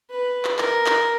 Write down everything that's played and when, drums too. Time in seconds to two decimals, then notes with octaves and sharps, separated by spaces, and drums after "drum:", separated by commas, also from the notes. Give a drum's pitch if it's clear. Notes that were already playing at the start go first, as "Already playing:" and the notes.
0.10 B4
0.45 drum: clap
0.59 A#4, drum: clap
0.86 drum: clap